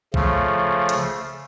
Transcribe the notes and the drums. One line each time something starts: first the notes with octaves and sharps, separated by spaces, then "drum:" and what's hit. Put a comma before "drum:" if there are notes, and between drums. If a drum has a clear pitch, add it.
C#3 F3 A3, drum: kick
drum: hi-hat